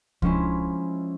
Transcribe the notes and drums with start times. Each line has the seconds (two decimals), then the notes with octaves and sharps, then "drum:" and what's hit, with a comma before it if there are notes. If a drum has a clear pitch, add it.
0.22 F3 G#3 C#4 E4, drum: kick C2